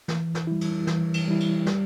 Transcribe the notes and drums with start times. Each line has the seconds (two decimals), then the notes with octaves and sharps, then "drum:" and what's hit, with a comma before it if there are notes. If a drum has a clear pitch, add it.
0.08 E3, drum: snare
0.35 drum: snare
0.47 G3 E4
0.61 drum: cymbal
0.87 E3, drum: snare
1.14 drum: cymbal
1.28 G3 E4
1.40 drum: cymbal
1.66 G3, drum: snare